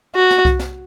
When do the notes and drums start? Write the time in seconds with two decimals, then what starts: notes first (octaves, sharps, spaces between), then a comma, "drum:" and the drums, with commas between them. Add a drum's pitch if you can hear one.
0.15 F#4
0.31 drum: snare
0.45 drum: kick C2
0.59 drum: snare